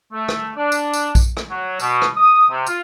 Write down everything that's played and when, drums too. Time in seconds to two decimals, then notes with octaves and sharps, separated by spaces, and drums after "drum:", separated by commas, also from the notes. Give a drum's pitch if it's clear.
0.12 A3
0.29 drum: rim click
0.56 D4
0.72 drum: tambourine
0.93 drum: tambourine
1.15 drum: kick A#1, tambourine
1.37 drum: rim click
1.50 F#3
1.80 B2, drum: tambourine
2.02 drum: rim click
2.15 D#6
2.50 C3
2.66 F4, drum: tambourine